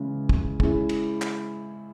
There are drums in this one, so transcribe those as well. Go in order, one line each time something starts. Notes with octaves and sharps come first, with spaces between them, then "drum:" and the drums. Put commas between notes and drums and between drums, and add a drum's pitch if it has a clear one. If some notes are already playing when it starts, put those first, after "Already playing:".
Already playing: C#3 E3 G#3 C#4
drum: kick
G#3 C#4 E4 G#4, drum: kick
drum: cymbal
drum: clap